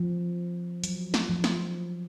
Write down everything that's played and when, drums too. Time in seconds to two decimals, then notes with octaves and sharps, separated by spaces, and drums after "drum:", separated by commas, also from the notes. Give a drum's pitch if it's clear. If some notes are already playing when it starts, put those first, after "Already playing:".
Already playing: F3
0.84 F#3, drum: hi-hat
1.14 drum: snare
1.29 F3
1.44 drum: snare